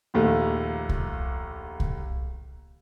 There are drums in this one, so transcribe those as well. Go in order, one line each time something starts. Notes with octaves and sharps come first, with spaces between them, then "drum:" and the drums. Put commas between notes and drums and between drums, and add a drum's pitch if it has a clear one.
A#1 D#2 A3
drum: kick C2
drum: kick C2